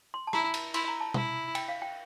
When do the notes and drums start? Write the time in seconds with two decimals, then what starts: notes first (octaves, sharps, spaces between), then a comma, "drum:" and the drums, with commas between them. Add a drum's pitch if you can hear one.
0.14 C6
0.27 A5
0.33 E4 A#5, drum: rim click
0.54 drum: cymbal
0.74 E4 C6, drum: cymbal
0.88 A#5
1.00 A5
1.14 E4, drum: tom B2
1.55 G5, drum: cymbal
1.68 F5
1.82 G5